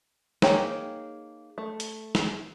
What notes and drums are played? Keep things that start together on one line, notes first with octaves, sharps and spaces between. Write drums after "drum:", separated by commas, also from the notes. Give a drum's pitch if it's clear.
A#3 D#4 G#4 C#5 G5, drum: snare
A3
drum: hi-hat
drum: snare